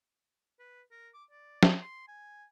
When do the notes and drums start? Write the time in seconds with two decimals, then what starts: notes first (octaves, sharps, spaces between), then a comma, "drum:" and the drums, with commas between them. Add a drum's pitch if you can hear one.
0.59 B4
0.91 A#4
1.14 D6
1.31 D5
1.63 drum: snare
1.81 C6
2.08 G#5